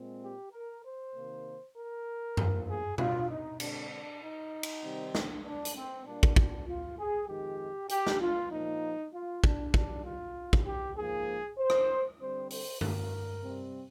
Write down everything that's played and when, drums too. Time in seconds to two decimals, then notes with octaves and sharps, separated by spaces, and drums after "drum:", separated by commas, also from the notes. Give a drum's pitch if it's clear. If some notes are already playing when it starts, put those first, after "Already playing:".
Already playing: A#2 G#3 C4
0.22 G4
0.53 A#4
0.84 C5
1.14 C3 D#3 A#3
1.76 A#4
2.37 G2 F3 A#3, drum: tom F#2
2.69 G#4
2.98 F4, drum: tom B2
3.29 D#4
3.60 D3 G#3 C4 D4, drum: cymbal
3.91 D4
4.22 D#4
4.63 drum: cymbal
4.83 C3 D#3 G3 C4
5.15 drum: snare
5.44 D4
5.65 drum: hi-hat
5.75 C4
6.05 A#2 G3 A#3 D4
6.23 drum: kick
6.36 D4, drum: kick
6.67 F4
6.98 G#4
7.28 F2 D#3 G#3 G4
7.89 G4, drum: hi-hat
8.07 drum: snare
8.21 F4
8.51 A#2 F3 A#3 D#4
9.13 F4
9.44 D4, drum: kick
9.74 G2 D#3 G3 D4, drum: kick
10.05 F4
10.53 drum: kick
10.66 G4
10.97 G#2 F3 A#3 G#4
11.58 C5
11.70 drum: rim click
12.20 D3 G3 C4 C5
12.50 C5, drum: open hi-hat
12.81 A#4, drum: tom
13.42 C3 G3 C4